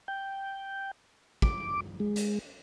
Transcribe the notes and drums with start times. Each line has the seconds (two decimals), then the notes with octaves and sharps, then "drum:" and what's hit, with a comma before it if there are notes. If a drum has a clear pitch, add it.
0.08 G5
1.42 D6, drum: kick
2.00 G#3
2.16 drum: hi-hat